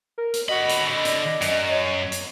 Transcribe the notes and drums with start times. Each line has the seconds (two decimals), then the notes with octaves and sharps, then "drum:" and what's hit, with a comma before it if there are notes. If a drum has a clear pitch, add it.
0.18 A#4
0.34 drum: hi-hat
0.49 D3 F#4 D#5 B5
0.69 drum: hi-hat
1.05 D5, drum: hi-hat
1.41 F#2, drum: hi-hat
1.69 C#5
2.12 drum: hi-hat